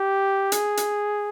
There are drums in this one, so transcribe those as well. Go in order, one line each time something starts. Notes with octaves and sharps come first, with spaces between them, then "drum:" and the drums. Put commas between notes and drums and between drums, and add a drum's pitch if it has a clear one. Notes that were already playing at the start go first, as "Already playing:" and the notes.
Already playing: G4
G#4, drum: hi-hat
drum: hi-hat